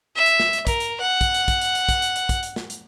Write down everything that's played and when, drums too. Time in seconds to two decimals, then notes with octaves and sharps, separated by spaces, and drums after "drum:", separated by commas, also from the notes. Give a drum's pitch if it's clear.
0.16 E5
0.26 drum: hi-hat
0.40 drum: snare
0.53 drum: hi-hat
0.67 A#4, drum: kick, hi-hat
0.80 drum: hi-hat
1.01 F#5
1.21 drum: kick, hi-hat
1.34 drum: hi-hat
1.48 drum: kick, hi-hat
1.62 drum: hi-hat
1.75 drum: hi-hat
1.89 drum: kick, hi-hat
2.02 drum: hi-hat
2.16 drum: hi-hat
2.29 drum: kick, hi-hat
2.43 drum: hi-hat
2.56 drum: snare
2.70 drum: hi-hat